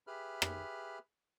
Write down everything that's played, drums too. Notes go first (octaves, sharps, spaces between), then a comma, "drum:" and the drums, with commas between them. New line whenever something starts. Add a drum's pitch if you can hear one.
G4 G#4 B4 E5 B5 F6
drum: rim click